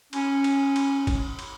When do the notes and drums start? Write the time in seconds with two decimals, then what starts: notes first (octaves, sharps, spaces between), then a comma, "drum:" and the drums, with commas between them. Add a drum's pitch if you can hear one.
0.13 C#4, drum: cymbal
0.44 drum: cymbal
0.76 drum: cymbal
1.07 drum: kick G#1, cymbal
1.39 drum: cymbal